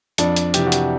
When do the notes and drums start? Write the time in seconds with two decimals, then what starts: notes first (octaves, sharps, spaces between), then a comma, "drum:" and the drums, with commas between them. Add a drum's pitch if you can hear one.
0.18 F2 D4, drum: hi-hat
0.36 drum: hi-hat
0.54 C3 E3 G4, drum: hi-hat
0.66 F#4
0.72 G4, drum: hi-hat